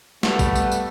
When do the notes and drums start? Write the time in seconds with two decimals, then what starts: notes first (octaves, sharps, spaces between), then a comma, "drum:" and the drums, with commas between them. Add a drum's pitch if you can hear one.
0.23 G3 A3 B3, drum: snare
0.39 drum: kick A1, tambourine
0.55 drum: tambourine
0.72 drum: tambourine